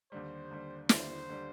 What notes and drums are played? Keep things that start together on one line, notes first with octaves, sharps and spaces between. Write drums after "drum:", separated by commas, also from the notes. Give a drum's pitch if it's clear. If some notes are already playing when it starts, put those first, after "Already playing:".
D#2 D3 G3 C5
D#2 D3 G3
D#2 D3 G3 C5, drum: snare
D3 G3